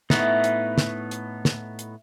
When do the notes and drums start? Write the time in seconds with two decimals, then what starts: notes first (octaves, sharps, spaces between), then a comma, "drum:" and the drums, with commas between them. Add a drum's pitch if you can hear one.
0.10 A2 B3 D#4 E5 C#6, drum: snare
0.44 drum: hi-hat
0.78 drum: snare
1.11 drum: hi-hat
1.45 drum: snare
1.79 drum: hi-hat